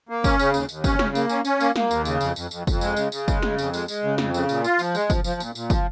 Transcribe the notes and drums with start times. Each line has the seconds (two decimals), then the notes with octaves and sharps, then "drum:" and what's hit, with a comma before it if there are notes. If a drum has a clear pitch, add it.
0.09 A#3
0.24 C#4, drum: kick, tambourine
0.39 C#3, drum: tambourine
0.54 D#2, drum: tambourine
0.69 D#2, drum: tambourine
0.84 C#4, drum: kick, tambourine
0.99 C#3, drum: snare
1.15 A#3, drum: tambourine
1.29 C#4, drum: tambourine
1.45 C#4, drum: tambourine
1.60 A#3, drum: tambourine
1.76 A#3, drum: snare
1.91 D#2, drum: tambourine
2.05 C#3, drum: tambourine
2.21 F2, drum: tambourine
2.36 F2, drum: tambourine
2.51 F2, drum: tambourine
2.67 F2, drum: kick, tambourine
2.81 G#3, drum: tambourine
2.97 C#3, drum: tambourine
3.12 C#3, drum: tambourine
3.28 G#3, drum: kick, tambourine
3.42 C#3, drum: snare
3.58 F2, drum: tambourine
3.73 G#3, drum: tambourine
3.88 G#3, drum: tambourine
4.03 C#3
4.18 F2, drum: snare
4.34 C#3, drum: tambourine
4.49 A#2, drum: tambourine
4.64 F4, drum: tambourine
4.79 F3, drum: tambourine
4.95 G#3, drum: tambourine
5.10 F3, drum: kick, tambourine
5.24 F3, drum: tambourine
5.40 A#2, drum: tambourine
5.55 A#2, drum: tambourine
5.70 F3, drum: kick, tambourine